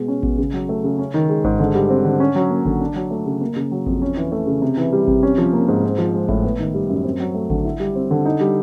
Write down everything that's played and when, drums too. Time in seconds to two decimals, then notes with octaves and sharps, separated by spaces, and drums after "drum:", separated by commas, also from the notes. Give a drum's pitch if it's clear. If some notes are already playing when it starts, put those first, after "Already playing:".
Already playing: B2 G#3
0.08 C#4
0.23 B2, drum: kick G#1
0.38 C#3
0.54 F#3
0.69 A3
0.84 C#3
0.99 C#4
1.14 D#3
1.29 G#3
1.44 G#2, drum: kick G#1
1.60 D3
1.75 G3
1.90 C4
2.05 D3
2.20 C#4
2.35 F#3
2.50 A#3
2.66 D3, drum: kick G#1
2.81 D4
2.96 F#3
3.11 A3
3.26 C#3
3.41 A#3
3.56 C#3
3.72 F#3
3.87 F2, drum: kick G#1
4.02 C#4
4.17 E3
4.32 A3
4.47 C#3
4.62 C3
4.77 E3
4.93 G3
5.08 C3, drum: kick G#1
5.23 C#4
5.38 F3
5.53 A#3
5.68 G#2
5.83 C4
5.98 F3
6.14 G#3
6.29 A2, drum: kick G#1
6.43 B3
6.59 D#3
6.74 G3
6.89 F#2
7.04 C4
7.20 F#3
7.35 A3
7.50 D3, drum: kick G#1
7.65 E4
7.80 G3
7.95 C4
8.11 D3
8.25 D#4
8.40 G3